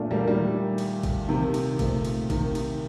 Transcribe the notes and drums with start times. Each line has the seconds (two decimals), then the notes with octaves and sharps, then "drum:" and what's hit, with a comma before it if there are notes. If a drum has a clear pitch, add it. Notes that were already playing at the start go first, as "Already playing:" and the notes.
Already playing: A#2 A3 D4 A4
0.11 G3 A#3
0.28 D#3 G3
0.78 drum: cymbal
1.03 drum: kick, cymbal
1.29 C3 D#3
1.54 drum: cymbal
1.79 A#2 A3 C4, drum: kick, cymbal
2.05 drum: cymbal
2.30 C3 D#3, drum: kick, cymbal
2.55 drum: cymbal